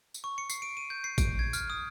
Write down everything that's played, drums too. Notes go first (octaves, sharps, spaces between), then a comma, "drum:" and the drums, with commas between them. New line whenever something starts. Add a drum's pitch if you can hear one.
drum: tambourine
C#6
C#7
C7, drum: tambourine
D7
D#7
G6
C7
D7, drum: kick G#1, tambourine
G#6
F6, drum: tambourine
D#6